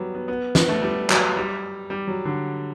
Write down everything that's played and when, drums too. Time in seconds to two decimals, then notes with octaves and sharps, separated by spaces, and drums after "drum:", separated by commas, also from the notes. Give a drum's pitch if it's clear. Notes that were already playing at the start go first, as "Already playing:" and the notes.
Already playing: F#3 G3 B3
0.15 B3
0.28 B3
0.55 B3, drum: snare F4
0.69 A3
0.82 G3
1.10 F#3, drum: clap
1.36 G3
1.90 G3
2.07 F#3
2.25 D3